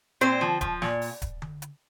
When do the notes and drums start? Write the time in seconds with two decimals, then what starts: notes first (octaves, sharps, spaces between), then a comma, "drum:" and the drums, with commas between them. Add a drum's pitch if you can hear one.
0.21 A#2 C4 C5, drum: hi-hat
0.41 F3, drum: tom D3
0.61 F3, drum: kick D1, hi-hat
0.82 A#2, drum: snare
1.02 drum: open hi-hat
1.22 drum: kick D1, hi-hat
1.42 drum: tom D3
1.62 drum: hi-hat